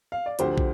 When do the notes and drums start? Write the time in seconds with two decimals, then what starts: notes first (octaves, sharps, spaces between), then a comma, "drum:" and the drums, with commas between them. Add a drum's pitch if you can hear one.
0.12 F5
0.26 D5
0.39 D2 D3 F3 G4 C5, drum: hi-hat
0.58 drum: kick